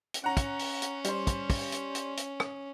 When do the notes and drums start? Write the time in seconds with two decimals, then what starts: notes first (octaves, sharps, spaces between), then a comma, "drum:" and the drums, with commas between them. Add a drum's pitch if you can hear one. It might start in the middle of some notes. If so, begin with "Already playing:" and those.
0.14 drum: hi-hat
0.24 C#4 F#5 A#5
0.37 drum: kick, hi-hat
0.59 drum: open hi-hat
0.82 drum: hi-hat
1.04 G3 C5, drum: hi-hat
1.27 drum: kick, hi-hat
1.50 drum: kick, open hi-hat
1.72 drum: hi-hat
1.95 drum: hi-hat
2.17 drum: hi-hat
2.40 drum: rim click